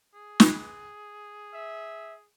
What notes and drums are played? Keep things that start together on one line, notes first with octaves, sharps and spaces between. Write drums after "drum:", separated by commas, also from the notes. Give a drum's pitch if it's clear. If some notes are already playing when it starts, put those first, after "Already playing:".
G#4
drum: snare
E5